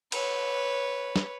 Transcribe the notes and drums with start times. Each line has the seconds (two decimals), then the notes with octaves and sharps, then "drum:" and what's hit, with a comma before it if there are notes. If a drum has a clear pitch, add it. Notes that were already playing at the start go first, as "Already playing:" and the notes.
0.12 B4 C#5, drum: cymbal
1.16 drum: snare